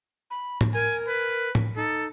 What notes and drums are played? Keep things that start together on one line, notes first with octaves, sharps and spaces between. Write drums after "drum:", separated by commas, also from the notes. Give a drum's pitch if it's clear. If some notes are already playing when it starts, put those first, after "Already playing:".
B5
drum: tom A2
A#4 G#5
B4
drum: tom A2
D#4 A4